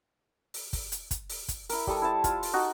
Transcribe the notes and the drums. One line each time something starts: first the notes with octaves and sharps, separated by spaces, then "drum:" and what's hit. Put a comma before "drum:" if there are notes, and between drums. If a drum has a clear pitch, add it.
drum: open hi-hat
drum: kick, open hi-hat
drum: hi-hat
drum: kick, hi-hat
drum: open hi-hat
drum: kick, hi-hat
E4 A#4, drum: open hi-hat
G3 A4 D#6, drum: kick
E4 C5 A5
F4, drum: kick, hi-hat
drum: open hi-hat
D#4 F#4